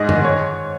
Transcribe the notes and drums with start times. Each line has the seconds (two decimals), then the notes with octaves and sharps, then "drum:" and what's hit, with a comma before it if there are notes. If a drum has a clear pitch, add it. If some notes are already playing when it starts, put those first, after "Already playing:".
Already playing: G#2 D#5
0.09 D#3, drum: tom F#2
0.24 C#5